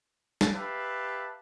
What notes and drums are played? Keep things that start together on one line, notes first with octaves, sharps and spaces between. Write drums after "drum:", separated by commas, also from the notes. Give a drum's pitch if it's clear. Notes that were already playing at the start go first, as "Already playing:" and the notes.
drum: snare
G4 B4 E5 F5 A5